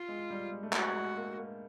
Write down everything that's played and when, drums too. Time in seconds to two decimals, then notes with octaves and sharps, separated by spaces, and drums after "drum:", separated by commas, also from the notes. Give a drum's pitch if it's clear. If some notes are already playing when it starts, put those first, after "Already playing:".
Already playing: F4
0.09 G#3
0.30 G3
0.51 G#3
0.63 A3
0.73 G#3 F#4, drum: clap
0.94 G#3
1.17 A#3
1.38 A#3